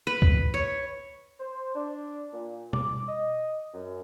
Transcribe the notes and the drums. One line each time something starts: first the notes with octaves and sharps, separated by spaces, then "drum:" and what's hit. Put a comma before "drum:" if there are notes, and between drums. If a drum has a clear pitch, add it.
B4
drum: kick
C#5
C5
D4
A#2
D6, drum: tom B2
D#5
F#2